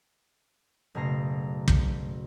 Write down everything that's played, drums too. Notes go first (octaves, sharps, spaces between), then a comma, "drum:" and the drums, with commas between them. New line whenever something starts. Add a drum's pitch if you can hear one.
F#1 B2 A3 A#5 C7
drum: kick